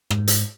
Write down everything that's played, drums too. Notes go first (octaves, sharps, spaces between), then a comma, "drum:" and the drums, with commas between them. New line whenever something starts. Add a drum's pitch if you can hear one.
G#2, drum: rim click
drum: hi-hat